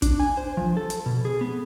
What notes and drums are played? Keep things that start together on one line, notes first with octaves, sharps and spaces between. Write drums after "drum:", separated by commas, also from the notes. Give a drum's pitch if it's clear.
D4, drum: kick, hi-hat
G#5
C5
F3
A4
drum: hi-hat
B2
G#4
B3